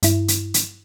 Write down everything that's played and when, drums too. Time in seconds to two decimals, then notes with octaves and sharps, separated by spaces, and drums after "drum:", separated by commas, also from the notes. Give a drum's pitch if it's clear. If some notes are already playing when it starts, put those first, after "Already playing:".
0.03 G2 E4, drum: hi-hat
0.28 drum: hi-hat
0.54 drum: hi-hat